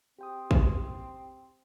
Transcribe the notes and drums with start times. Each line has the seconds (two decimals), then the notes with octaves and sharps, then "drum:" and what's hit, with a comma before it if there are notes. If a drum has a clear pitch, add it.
0.19 C4 G4 G5 D#6
0.51 drum: kick